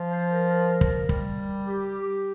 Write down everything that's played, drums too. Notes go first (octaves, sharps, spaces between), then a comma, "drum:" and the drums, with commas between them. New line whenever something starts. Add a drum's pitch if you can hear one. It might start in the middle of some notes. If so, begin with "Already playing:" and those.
Already playing: F3
C5
A#4
A#4
drum: kick
G3, drum: kick
G4